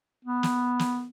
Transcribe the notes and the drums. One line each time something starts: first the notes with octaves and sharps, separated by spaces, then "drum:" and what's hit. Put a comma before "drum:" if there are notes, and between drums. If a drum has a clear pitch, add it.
B3
drum: snare
drum: snare